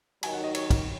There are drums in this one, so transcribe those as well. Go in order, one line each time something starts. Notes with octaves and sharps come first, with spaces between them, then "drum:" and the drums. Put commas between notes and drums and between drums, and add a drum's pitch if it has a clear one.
D#2 D#3 F#3 G#5, drum: cymbal
F#5
D#5
C#5, drum: cymbal
drum: kick, cymbal